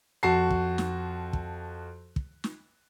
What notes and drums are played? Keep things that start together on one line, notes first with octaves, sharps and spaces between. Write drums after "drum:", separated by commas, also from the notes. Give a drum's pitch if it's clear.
F2 F#4 A5 C7
drum: kick
drum: snare
drum: kick
drum: kick
drum: snare